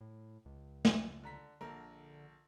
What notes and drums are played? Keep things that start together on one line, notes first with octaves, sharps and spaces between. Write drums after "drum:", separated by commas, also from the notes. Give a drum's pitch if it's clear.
A2
C#2
drum: snare
D3 A#5 B6
A#1 D3 A#4 F6